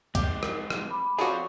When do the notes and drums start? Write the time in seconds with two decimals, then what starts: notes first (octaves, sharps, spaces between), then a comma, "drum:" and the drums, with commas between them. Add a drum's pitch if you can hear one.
0.15 G#3 C4 G4, drum: kick, hi-hat
0.43 drum: rim click
0.70 drum: rim click
0.90 B5 D6
1.18 C4 D4 F4 F#4 G#4 A4 C#5